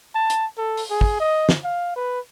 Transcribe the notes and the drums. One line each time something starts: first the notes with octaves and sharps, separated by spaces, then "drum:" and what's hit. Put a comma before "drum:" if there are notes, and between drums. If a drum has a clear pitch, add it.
A5
drum: hi-hat
A4
drum: open hi-hat
G#4
drum: kick
D#5
drum: snare
F5
B4